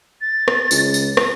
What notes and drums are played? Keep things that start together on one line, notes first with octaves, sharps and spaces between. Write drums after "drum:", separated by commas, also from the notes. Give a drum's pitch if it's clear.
A6
drum: rim click
C#2, drum: tambourine
drum: tambourine
drum: rim click